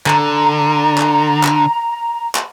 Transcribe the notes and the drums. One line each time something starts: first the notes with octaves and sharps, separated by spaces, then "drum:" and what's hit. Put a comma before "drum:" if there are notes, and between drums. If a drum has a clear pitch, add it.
D3 A#5, drum: clap
drum: clap
drum: clap
drum: clap